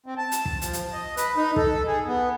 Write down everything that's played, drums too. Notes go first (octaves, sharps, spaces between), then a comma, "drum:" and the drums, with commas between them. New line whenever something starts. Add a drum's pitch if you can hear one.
C4
A5
drum: hi-hat
drum: kick
F3, drum: hi-hat
drum: hi-hat
D#5
B4, drum: hi-hat
D#4
A4, drum: kick
G#4
B3